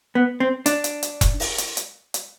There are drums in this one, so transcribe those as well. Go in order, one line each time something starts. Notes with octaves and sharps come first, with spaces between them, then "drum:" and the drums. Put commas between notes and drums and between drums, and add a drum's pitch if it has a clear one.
B3
C4
D4, drum: hi-hat
drum: hi-hat
drum: hi-hat
drum: kick E1, hi-hat
drum: open hi-hat
drum: hi-hat
drum: hi-hat
drum: hi-hat